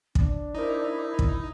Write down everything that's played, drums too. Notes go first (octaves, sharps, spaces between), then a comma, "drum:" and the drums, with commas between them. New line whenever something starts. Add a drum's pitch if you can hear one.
D4, drum: kick
D#4 E4 A#4 C5 D#5
drum: kick